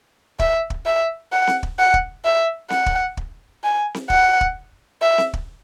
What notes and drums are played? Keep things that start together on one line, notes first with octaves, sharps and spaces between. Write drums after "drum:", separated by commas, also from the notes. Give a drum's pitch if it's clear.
E5, drum: kick
drum: kick
E5
F#5
drum: snare C4
drum: kick
F#5
drum: kick
E5
F#5, drum: snare C4
drum: kick
drum: kick
G#5
drum: snare C4
F#5, drum: kick
drum: kick
E5
drum: snare C4
drum: kick